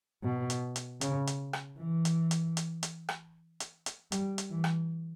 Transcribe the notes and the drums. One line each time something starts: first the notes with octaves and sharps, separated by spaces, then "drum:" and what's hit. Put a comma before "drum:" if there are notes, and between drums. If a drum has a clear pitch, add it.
B2
drum: hi-hat
drum: hi-hat
C#3, drum: hi-hat
drum: hi-hat
drum: rim click
E3
drum: hi-hat
drum: hi-hat
drum: hi-hat
drum: hi-hat
drum: rim click
drum: hi-hat
drum: hi-hat
G3, drum: hi-hat
drum: hi-hat
E3
drum: rim click